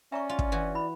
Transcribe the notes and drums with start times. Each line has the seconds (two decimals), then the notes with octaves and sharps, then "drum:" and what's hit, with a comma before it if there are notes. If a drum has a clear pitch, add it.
0.12 C#4 D5 E5 A#5 C#6
0.29 F4
0.39 drum: kick
0.52 E3 F#4
0.74 E4 B5